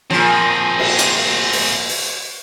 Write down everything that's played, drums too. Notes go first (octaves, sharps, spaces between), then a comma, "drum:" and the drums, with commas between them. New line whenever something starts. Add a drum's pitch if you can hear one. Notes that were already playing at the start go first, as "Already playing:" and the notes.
A#2 F3 C4 G#4
drum: cymbal
drum: hi-hat
drum: open hi-hat
drum: open hi-hat